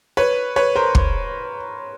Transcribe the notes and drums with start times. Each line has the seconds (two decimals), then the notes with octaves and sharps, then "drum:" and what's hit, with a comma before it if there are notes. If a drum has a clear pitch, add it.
0.17 B4 C#5
0.56 B4 C#5
0.76 A#4 C5
0.95 drum: kick